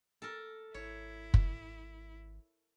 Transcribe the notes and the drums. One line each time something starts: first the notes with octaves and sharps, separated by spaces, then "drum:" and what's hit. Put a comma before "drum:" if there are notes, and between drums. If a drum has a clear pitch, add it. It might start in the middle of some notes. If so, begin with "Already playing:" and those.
A4 A#4
G#1 E4 C#5
drum: kick